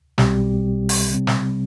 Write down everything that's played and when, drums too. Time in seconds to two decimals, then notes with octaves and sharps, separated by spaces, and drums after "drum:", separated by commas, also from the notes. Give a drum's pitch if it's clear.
0.18 B1 B2 G3 C4 G4, drum: snare
0.89 drum: open hi-hat
1.11 C3 G3 C4
1.27 drum: snare